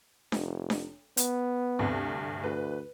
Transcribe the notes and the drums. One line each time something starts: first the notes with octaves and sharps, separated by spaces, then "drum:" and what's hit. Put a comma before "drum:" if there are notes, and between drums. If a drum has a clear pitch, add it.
F1, drum: snare D4
drum: snare D4
B3, drum: hi-hat
D2 G2 C3
D2 B4